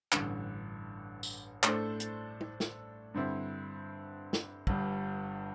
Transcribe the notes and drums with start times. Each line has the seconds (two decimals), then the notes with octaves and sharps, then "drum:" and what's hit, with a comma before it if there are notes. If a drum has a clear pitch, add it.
0.12 A1 G2 D3, drum: clap
1.23 drum: tambourine
1.63 A2 A3 D4 A4 C5, drum: clap
2.00 drum: hi-hat
2.41 drum: tom
2.60 drum: snare
3.14 G2 D3 C4 E4
4.33 drum: snare
4.67 G1 G2 G3, drum: kick